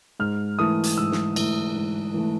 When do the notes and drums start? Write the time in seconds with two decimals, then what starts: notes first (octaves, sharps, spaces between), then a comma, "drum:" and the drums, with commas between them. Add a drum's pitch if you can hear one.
0.20 G#2 F6
0.59 E3 A3 D#6
0.84 drum: hi-hat
0.97 G#2 E6
1.12 drum: snare
1.36 E3 A3, drum: cymbal
1.75 G#2
2.14 E3 A3